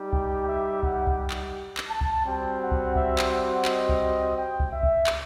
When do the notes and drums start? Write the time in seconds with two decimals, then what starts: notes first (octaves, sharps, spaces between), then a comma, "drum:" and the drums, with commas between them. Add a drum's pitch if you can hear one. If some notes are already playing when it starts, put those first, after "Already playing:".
Already playing: G3 D#4 G4
0.13 G5, drum: kick C2
0.48 E5
0.83 F#5, drum: kick C2
1.07 drum: kick C2
1.30 drum: clap
1.77 drum: clap
1.89 A5
2.01 drum: kick C2
2.24 G3 C4 F#4 G5
2.60 F#5
2.71 drum: kick C2
2.95 E5, drum: kick C2
3.19 drum: clap
3.30 F#5
3.65 D#5, drum: clap
3.89 drum: kick C2
4.36 G5
4.60 drum: kick C2
4.72 E5
4.83 drum: kick C2
5.07 drum: clap